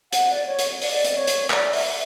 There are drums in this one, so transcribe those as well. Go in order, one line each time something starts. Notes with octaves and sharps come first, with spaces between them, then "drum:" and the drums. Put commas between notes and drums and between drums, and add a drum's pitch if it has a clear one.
F#5, drum: hi-hat
D5
C#5
drum: hi-hat
D5, drum: open hi-hat
drum: hi-hat
C#5
drum: hi-hat
D5, drum: clap
E5, drum: open hi-hat